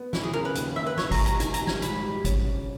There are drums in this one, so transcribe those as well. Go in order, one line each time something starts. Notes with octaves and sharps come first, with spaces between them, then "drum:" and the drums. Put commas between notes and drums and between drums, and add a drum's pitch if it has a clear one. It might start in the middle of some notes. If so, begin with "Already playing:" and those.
Already playing: B3
E3 E4, drum: snare
G#4
C#3 A#4
B4
D#2, drum: hi-hat
D#2 E5
B4
C#4 C#5, drum: snare
A#5, drum: kick G#1, open hi-hat
G3
A#5, drum: hi-hat
D#3 G#5, drum: hi-hat
A#5, drum: hi-hat
G3
G#5, drum: snare
G#2 B5, drum: hi-hat
G4
C#4, drum: kick G#1, hi-hat
C#4